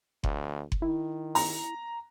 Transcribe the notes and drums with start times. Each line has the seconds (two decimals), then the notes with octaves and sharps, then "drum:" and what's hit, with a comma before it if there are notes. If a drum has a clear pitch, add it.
0.24 D2, drum: kick F#1
0.72 drum: kick F#1
0.82 D#3 E4
1.35 A#5, drum: open hi-hat